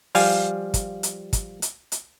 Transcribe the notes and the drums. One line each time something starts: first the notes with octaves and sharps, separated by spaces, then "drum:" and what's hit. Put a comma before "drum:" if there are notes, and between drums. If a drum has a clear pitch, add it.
F3 G3 F5 G#5, drum: open hi-hat
drum: kick, hi-hat
drum: hi-hat
drum: kick, hi-hat
drum: hi-hat
drum: hi-hat